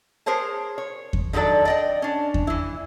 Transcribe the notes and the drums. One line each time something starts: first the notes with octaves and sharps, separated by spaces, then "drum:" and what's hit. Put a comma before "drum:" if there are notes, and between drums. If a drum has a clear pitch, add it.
G#4 A#4 C5 C#5 A5
C#5
drum: kick E2
D3 D#3 F#3 A4 D5
D5 D#5 G5
C#4 D4
drum: kick E2
E3 E4